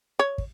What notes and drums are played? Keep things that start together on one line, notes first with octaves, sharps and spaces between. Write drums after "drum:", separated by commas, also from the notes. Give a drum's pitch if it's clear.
C#5
drum: kick